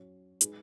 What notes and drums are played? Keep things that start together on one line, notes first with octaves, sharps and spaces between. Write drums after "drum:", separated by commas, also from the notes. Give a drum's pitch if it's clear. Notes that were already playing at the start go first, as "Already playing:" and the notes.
Already playing: F#3 C#4 F#4 C#5
G#3 D#4 G#4 B4, drum: hi-hat